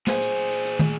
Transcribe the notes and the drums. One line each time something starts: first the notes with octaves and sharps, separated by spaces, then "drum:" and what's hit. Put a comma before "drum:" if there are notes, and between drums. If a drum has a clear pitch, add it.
A#2 G#4 C5, drum: snare
drum: hi-hat
drum: hi-hat
drum: hi-hat
drum: tom